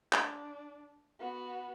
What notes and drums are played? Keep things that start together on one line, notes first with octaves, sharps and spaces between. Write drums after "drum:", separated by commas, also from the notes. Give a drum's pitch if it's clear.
D4, drum: clap
B3 F#4